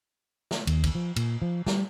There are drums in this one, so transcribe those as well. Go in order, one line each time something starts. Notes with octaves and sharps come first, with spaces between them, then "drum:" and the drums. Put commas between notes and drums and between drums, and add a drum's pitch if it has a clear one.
drum: snare
D#2, drum: cymbal
drum: kick, cymbal
F3
A#2, drum: cymbal
F3
G3, drum: snare